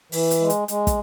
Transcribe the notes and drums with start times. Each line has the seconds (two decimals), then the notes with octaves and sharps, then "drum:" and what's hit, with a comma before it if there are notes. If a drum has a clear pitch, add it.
0.12 E3, drum: open hi-hat
0.31 drum: hi-hat
0.40 G#3
0.50 drum: hi-hat
0.68 G#3, drum: hi-hat
0.87 drum: kick, hi-hat